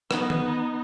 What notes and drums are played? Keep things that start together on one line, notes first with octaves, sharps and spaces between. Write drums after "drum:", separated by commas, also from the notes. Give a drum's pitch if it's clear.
B3 D#4, drum: rim click
drum: tom D#3